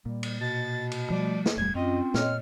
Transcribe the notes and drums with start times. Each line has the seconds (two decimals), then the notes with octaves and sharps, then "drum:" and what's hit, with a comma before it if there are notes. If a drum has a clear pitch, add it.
0.06 A#2 G3
0.23 drum: cymbal
0.40 B2 A6
0.91 drum: cymbal
1.10 F3 G3 A3 D5
1.46 drum: snare
1.57 D#1 E2 G3 G#6
1.75 F#2 C4 C#4 F4 D#5
2.14 A#2 C#5 D#5 F6, drum: snare